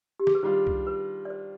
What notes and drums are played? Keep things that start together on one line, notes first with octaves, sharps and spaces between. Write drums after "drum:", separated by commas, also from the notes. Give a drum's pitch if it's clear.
G4
G#4, drum: snare
B4
D#3 G3 D4 F4 C5
drum: kick C2
B4
D5
C5